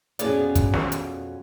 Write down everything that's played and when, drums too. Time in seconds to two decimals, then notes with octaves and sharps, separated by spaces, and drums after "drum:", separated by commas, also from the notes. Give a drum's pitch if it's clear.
0.19 F2 B2 C#4 G#4 C#5 D5, drum: hi-hat
0.55 drum: kick, hi-hat
0.74 drum: snare
0.92 drum: hi-hat